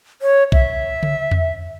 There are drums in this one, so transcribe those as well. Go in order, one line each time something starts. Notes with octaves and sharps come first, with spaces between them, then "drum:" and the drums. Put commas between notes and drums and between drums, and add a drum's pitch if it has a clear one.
C#5
E5, drum: kick B1
drum: tom C#3
drum: tom E2